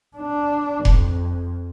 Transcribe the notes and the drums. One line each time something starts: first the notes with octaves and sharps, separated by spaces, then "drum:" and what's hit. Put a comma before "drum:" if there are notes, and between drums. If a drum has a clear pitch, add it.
D4
F2, drum: kick F1